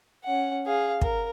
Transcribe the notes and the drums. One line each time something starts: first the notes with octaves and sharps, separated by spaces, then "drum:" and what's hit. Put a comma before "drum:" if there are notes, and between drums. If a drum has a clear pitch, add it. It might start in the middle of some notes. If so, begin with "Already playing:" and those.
C#4 F#5
G#4 F5
A#4, drum: kick